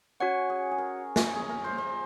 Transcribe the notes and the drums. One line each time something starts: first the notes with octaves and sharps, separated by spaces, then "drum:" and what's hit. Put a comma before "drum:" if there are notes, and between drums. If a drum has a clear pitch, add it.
C#4 F#4 C#5 F#5
G#4
G#4
A#4
drum: snare
G#4
A#4
C5
C5